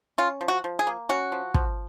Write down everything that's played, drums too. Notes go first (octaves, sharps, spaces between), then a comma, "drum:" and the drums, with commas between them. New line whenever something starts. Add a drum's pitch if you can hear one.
C#4 F4
F3
F#4
F3
G#4
A#3
C#4 F#4
F3
F3, drum: kick